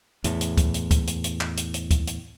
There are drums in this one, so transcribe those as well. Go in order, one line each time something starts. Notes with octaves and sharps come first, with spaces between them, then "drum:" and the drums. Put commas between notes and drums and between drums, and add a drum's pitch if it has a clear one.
E2 A2, drum: hi-hat
drum: hi-hat
drum: kick, hi-hat
drum: hi-hat
drum: kick, hi-hat
drum: hi-hat
drum: hi-hat
drum: clap
drum: hi-hat
drum: hi-hat
drum: kick, hi-hat
drum: hi-hat